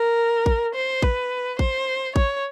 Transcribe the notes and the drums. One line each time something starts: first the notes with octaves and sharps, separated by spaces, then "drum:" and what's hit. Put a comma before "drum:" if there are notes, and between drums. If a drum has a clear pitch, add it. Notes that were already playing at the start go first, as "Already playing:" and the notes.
Already playing: A#4
drum: kick A1
C5
B4, drum: kick A1
C5, drum: kick A1
C#5, drum: kick A1